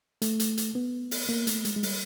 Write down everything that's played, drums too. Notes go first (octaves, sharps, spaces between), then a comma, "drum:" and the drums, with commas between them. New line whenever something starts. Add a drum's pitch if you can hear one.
A3, drum: hi-hat
drum: hi-hat
drum: hi-hat
B3
drum: open hi-hat
A#3
A3, drum: hi-hat
G#3, drum: hi-hat
G#3
G3, drum: open hi-hat